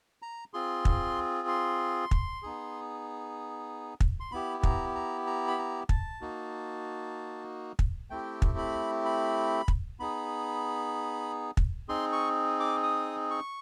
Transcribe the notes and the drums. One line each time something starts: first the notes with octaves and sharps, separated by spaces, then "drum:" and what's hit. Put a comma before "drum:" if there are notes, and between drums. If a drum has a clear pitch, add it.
A#5
C4 F4 G#4 C6
drum: kick
C6
drum: kick
B3 D#4 G#4
drum: kick
C6
B3 E4 G4 B5
A#5, drum: kick
A#5
A#5
B5
A#5
A5, drum: kick
A#3 D#4 F#4
drum: kick
A3 C4 E4 G4 G5
drum: kick
B5
B5
drum: kick
B3 D#4 G#4 B5
drum: kick
C4 D#4 G#4 C6
C#6
D6
D#6
C#6